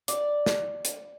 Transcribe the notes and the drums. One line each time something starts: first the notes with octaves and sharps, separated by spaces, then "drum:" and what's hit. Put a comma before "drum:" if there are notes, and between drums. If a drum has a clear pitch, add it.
D5, drum: hi-hat
drum: snare
drum: hi-hat